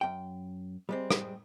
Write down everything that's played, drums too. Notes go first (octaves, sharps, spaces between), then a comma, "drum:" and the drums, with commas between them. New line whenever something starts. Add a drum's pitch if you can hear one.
F#2 G5
G3 G#3 C4
drum: rim click